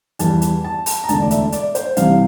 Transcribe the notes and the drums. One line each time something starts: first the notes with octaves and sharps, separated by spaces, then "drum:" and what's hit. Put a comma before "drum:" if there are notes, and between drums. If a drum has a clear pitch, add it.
E2 E3 G3 A5, drum: hi-hat
drum: hi-hat
A5
drum: open hi-hat
A#5
E1 D2 D3 A5, drum: hi-hat
D5
E5, drum: hi-hat
D5, drum: hi-hat
C5, drum: hi-hat
C2 C3 E3 G3 F5, drum: hi-hat